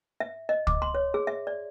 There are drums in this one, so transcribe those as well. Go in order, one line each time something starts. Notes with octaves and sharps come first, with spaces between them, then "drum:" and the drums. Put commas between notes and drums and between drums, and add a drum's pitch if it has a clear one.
E5
D#5
D6, drum: kick
C6
C#5
G#4
E5
D5